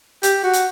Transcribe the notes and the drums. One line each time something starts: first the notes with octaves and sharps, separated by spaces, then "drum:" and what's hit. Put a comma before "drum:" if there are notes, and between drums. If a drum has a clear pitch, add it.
G4, drum: hi-hat
F#4
drum: hi-hat